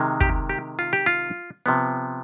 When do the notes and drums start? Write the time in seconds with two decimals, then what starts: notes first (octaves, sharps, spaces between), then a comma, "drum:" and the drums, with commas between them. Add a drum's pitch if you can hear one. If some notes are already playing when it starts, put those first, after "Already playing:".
Already playing: C3 D#3 G#3
0.21 G4, drum: kick
0.49 G4
0.79 F4
0.93 G4
1.06 F4
1.66 C3 F3 B3